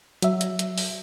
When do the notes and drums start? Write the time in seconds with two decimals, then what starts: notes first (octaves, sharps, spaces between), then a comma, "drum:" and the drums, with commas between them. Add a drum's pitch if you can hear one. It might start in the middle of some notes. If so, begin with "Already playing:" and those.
0.22 F#3 E5, drum: hi-hat
0.41 drum: hi-hat
0.59 drum: hi-hat
0.78 drum: open hi-hat